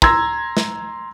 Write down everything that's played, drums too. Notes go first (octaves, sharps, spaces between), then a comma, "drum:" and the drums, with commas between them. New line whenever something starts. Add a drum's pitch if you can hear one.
A#5 C6 E6 G#6 A#6, drum: kick
drum: snare